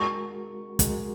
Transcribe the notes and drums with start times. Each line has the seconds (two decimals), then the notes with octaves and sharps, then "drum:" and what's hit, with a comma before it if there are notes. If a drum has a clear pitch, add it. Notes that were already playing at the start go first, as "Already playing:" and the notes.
Already playing: G#3 F#4 A#4 C#6
0.79 G#3 F#4 A#4, drum: kick, hi-hat